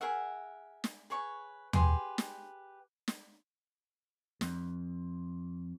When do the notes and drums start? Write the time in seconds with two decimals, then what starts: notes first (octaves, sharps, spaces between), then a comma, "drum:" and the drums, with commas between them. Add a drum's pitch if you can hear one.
0.01 G#4 A#4 E5 F#5
0.84 drum: snare
1.10 G#4 B4 C#5 C#6
1.73 G4 G#4 B4 C6, drum: tom
2.18 drum: snare
3.08 drum: snare
4.41 F2, drum: snare